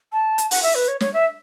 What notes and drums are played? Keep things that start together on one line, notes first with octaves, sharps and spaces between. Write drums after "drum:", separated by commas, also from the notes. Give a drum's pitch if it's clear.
A5
drum: hi-hat
F#5, drum: open hi-hat
E5
B4
C#5
C#5, drum: snare
E5